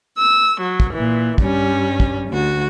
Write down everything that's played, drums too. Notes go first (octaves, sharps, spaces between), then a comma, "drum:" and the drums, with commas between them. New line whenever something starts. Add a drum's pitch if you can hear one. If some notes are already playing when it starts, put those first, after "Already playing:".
E6
F#3
drum: kick
A#2 E3
G2 G3 C#4, drum: kick
drum: kick
D2 F#4